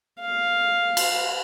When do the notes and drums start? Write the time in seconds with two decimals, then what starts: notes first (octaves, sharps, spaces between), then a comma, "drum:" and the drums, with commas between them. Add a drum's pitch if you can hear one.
0.20 F5
0.97 drum: cymbal